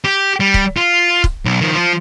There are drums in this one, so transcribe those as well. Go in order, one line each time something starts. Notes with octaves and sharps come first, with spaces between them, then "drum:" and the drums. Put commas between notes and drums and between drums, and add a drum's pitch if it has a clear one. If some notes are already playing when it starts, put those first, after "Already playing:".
G4
G3
drum: kick
F4
drum: kick
B1
D#3 F3
F3 F4